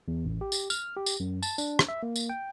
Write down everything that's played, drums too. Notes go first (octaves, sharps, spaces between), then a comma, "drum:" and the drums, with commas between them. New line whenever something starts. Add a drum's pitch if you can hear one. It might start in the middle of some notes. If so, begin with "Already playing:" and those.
E2
A1
G4
drum: tambourine
F6, drum: tambourine
G4
drum: tambourine
F#2
A5, drum: tambourine
D4, drum: tambourine
drum: rim click
E5
A#3
drum: tambourine
G5